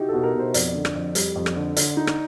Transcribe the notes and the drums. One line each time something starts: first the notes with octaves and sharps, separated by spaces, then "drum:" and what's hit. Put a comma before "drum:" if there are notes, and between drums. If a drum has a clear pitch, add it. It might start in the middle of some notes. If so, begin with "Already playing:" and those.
Already playing: D#4 E4 F#4 G4
A4
B2
A#4
B2
C5
F2 D5, drum: hi-hat
D3
drum: rim click
F2
G3, drum: hi-hat
F2
drum: rim click
D3
D3 D5, drum: hi-hat
D#4
drum: rim click